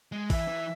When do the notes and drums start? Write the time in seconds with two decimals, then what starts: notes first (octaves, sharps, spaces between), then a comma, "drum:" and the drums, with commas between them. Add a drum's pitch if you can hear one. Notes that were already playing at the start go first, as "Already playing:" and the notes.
0.12 G#3
0.30 E3 E5, drum: kick A1, open hi-hat
0.48 E3